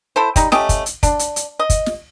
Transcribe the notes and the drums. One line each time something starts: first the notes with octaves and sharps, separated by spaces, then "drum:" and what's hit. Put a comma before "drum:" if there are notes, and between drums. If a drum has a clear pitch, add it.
E4 A4 C5
G3 D#4, drum: kick, hi-hat
A3 C#4 G4 D#5, drum: snare
drum: kick, hi-hat
drum: hi-hat
D4, drum: kick, hi-hat
drum: hi-hat
drum: hi-hat
D#5
drum: kick, hi-hat
drum: snare